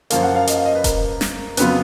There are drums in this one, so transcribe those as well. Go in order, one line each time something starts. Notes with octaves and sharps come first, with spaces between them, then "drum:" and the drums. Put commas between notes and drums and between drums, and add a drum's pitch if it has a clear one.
F#2 F3 A#3 F5, drum: hi-hat
F#5
F5
D#5, drum: hi-hat
F5
D#5
B4
A#4, drum: kick E1, hi-hat
drum: snare
F2 C#3 F#3 B3 F4 B4, drum: hi-hat